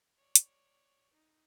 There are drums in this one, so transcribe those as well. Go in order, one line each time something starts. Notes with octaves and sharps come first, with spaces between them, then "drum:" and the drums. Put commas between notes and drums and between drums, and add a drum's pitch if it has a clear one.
C#5 D5
drum: hi-hat
D#4